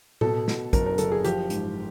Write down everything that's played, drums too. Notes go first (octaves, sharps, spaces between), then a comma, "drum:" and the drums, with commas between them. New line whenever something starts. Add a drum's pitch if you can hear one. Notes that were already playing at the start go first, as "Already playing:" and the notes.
B2 A4, drum: tom A2
B2, drum: snare
F#1 A#4, drum: kick, hi-hat
A#4
F#1 A4, drum: hi-hat
G#4
F3 G4, drum: hi-hat
G#2, drum: hi-hat